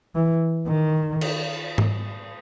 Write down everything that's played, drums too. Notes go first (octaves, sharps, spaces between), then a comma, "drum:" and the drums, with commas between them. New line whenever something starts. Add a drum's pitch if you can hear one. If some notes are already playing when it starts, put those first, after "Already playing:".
E3
D#3
drum: cymbal
drum: tom G#2